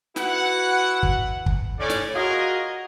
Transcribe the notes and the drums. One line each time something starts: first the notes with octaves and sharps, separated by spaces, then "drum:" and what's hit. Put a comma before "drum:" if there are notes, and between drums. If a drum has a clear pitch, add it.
E4 F#4 B4 F#5, drum: snare
drum: kick
drum: kick
A2 C#4 D5
drum: snare
F4 F#4 G#4 A#4 D#5